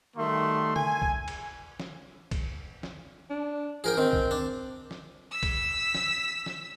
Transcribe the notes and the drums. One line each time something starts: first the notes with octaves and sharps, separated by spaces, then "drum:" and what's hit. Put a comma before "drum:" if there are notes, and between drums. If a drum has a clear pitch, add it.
D#3 G3 A3 F#4 E5 C6
G#5, drum: tom C#3
drum: kick B1
drum: cymbal
drum: snare
drum: kick B1, cymbal
drum: snare
D4
F3 G#4 A#4 G5
D#3 C4
drum: kick B1
D4
drum: snare
E6 B6
drum: kick B1, cymbal
drum: snare
drum: snare